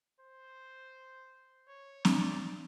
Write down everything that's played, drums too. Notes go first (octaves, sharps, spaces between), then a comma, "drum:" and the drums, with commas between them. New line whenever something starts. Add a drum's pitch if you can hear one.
C5
C#5
D5, drum: snare C4